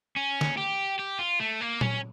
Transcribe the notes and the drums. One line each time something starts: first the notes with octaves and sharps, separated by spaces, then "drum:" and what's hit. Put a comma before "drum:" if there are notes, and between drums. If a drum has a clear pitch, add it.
C#4
drum: snare
G4
G4
F4
A3
A#3
C#4, drum: tom A#2